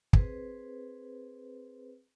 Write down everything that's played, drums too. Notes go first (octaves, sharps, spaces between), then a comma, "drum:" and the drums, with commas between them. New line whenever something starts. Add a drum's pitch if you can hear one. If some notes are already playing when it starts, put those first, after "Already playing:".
C4 G#4 B4 C5, drum: kick